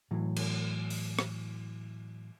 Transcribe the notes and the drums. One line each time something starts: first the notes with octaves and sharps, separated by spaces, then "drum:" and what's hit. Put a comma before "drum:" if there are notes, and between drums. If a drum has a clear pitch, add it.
A2 E3 F#3
drum: cymbal
drum: open hi-hat
drum: rim click